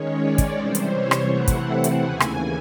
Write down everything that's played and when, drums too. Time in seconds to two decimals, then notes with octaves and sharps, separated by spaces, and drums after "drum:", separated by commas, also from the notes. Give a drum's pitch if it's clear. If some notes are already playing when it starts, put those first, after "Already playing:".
Already playing: D#3 G#3 C#4 C#5
0.20 D5
0.38 drum: kick, hi-hat
0.56 C3 E3 G3 C5
0.75 drum: hi-hat
0.92 C#5
1.11 drum: rim click
1.29 C3 E3 A3 C4 E4 F#5
1.48 drum: kick, hi-hat
1.84 drum: hi-hat
2.02 D#2 C#3 E3 G#5
2.20 drum: rim click